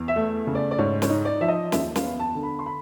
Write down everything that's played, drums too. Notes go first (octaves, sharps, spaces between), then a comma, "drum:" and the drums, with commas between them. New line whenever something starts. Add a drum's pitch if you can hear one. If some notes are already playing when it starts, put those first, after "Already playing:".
Already playing: E2
E5
A3
C#3
D5
D5
G#2 C#5
C#5, drum: snare
D#4
D5
F3 E5
D#5
D#2 E5, drum: snare
F5, drum: snare
B3
A5
D3
B5
C6
B5